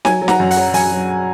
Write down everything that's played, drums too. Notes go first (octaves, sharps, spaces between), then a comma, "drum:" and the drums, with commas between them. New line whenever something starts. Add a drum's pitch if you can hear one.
F#3 G#5, drum: snare
F#3
F#5 A#5, drum: snare
F#2
F#5, drum: open hi-hat
F#3
F#2 G#5, drum: open hi-hat
F#3